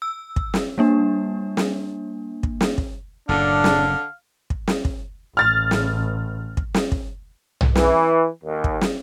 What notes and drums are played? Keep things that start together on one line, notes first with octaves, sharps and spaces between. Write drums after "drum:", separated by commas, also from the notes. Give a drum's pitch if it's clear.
E6
drum: kick
drum: snare
G3 A#3 D4
drum: snare
drum: kick
drum: snare
drum: kick
F#1 F#2 A2 D3 D4 F5
drum: snare
drum: kick
drum: snare
drum: kick
A1 F6 A6
drum: snare
drum: kick
drum: snare
drum: kick
drum: tom B1
E3, drum: snare
D#2
drum: kick
drum: snare